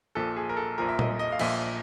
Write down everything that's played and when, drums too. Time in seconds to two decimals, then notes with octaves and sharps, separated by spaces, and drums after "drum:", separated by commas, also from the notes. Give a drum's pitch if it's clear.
0.15 A#1 A#2 F3 A4
0.37 G#4
0.49 A#4
0.57 A4
0.78 A#1 A#2 F3 A#4
0.88 E5
0.99 D#5, drum: tom
1.19 D#5
1.32 F5
1.39 A#1 A#2 F3 E5, drum: cymbal